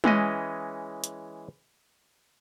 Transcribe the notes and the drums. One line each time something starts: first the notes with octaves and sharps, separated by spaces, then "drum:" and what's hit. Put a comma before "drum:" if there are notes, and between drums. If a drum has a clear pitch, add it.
E3 G#3 C#4 D#5, drum: tom G#3
drum: hi-hat